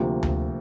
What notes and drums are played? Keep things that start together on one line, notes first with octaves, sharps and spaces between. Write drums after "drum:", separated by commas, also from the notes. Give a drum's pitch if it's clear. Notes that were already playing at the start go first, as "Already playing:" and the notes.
Already playing: D2 C3 F3 A#3
drum: tom D2